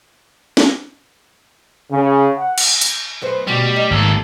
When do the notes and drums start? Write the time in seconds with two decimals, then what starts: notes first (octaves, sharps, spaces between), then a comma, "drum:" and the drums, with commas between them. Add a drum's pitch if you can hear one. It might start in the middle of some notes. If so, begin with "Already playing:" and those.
0.57 drum: snare
1.91 C#3
2.37 F#5
2.58 drum: cymbal
2.81 drum: hi-hat
3.22 F#2 B3 C5
3.47 D2 B2 G3 F#4
3.76 D#4
3.91 G#1 D#2 D#3 A4